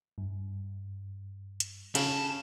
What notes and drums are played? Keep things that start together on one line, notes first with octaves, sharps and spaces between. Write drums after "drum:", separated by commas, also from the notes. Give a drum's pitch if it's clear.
G2
drum: hi-hat
C#3 A5, drum: cymbal